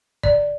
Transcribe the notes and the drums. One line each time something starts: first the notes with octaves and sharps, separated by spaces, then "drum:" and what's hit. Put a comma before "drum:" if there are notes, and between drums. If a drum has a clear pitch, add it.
D5, drum: kick